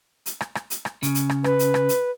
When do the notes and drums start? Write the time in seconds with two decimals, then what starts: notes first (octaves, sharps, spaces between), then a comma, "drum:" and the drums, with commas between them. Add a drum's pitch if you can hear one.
0.26 drum: hi-hat
0.41 drum: rim click
0.55 drum: rim click
0.70 drum: hi-hat
0.85 drum: rim click
1.03 C#3, drum: hi-hat
1.15 drum: hi-hat
1.29 drum: rim click
1.44 B4, drum: rim click
1.59 drum: hi-hat
1.74 drum: rim click
1.89 drum: hi-hat